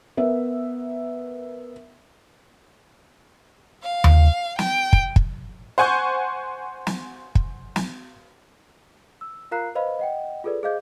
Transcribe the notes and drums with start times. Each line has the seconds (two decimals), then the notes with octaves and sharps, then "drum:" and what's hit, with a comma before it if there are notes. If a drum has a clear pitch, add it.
0.17 B3 A#4 E5
3.84 F5
4.04 drum: tom D#2
4.59 G5, drum: snare
4.93 drum: kick
5.16 drum: kick
5.78 C5 F#5 G#5 C#6 G6
6.87 drum: snare
7.35 drum: kick
7.76 drum: snare
9.21 E6
9.51 F4 A#4 F5 A#5 F#6 C7
9.75 B4 C5 D#5 F5 B5
9.99 D#5 F#5 G5
10.44 F4 G#4 A4 B4 D5
10.63 G#4 C5 D#5 F5 D6 G6